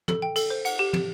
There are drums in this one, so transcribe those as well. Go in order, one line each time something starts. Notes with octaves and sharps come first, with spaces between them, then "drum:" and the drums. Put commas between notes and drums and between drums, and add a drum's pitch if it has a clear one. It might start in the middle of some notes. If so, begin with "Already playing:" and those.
A4, drum: tom
G5
A4, drum: cymbal
C5
F#5, drum: cymbal
G4
G4, drum: tom